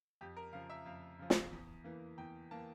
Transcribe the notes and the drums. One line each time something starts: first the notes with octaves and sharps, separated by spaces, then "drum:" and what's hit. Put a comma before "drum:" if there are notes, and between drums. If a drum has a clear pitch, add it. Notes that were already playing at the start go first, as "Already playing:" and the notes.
F2 G4
A#4
C#3 F3 F5
E5
F2 F5
C#3 F3
drum: snare
E2
E3 A#3
E2 G5
E3 A#3 A5